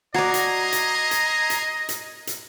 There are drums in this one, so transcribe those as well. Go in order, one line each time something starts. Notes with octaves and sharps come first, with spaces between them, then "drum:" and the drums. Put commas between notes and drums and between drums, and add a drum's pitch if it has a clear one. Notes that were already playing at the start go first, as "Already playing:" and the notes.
F#4 D5 D#5 A#5 G#6 C7
drum: hi-hat
drum: hi-hat
drum: hi-hat
drum: hi-hat
drum: hi-hat
drum: hi-hat